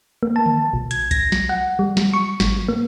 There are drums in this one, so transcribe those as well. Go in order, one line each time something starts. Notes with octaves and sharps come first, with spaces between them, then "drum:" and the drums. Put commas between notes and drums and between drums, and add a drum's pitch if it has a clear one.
A#3
A5
drum: tom D3
B1
G#6, drum: hi-hat
A#6, drum: kick B1, hi-hat
drum: snare
F#5
G3
drum: snare
C#6
G#1, drum: snare
A#3